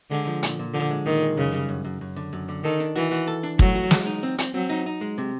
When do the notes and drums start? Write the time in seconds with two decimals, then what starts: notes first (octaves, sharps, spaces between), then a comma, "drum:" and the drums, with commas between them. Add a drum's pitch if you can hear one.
0.11 D3 G#3
0.27 F3
0.43 A#2, drum: hi-hat
0.59 A#2
0.74 D3 F3
0.91 G#3
1.06 A#2 D#3
1.22 G#3
1.37 F#2 C#3
1.54 G3
1.69 F#2
1.85 F#2
2.01 F#2
2.16 D3
2.33 F#2
2.49 D3
2.64 D#3 A4
2.80 D4
2.96 E3 F#4
3.12 F#4
3.27 A4
3.43 D4
3.59 F#3 A3, drum: kick
3.75 F#4
3.91 G#3, drum: snare
4.06 D#4
4.23 C4
4.38 C4, drum: hi-hat
4.54 F#3 C4
4.70 D#4
4.86 D#4
5.01 G#3
5.18 C3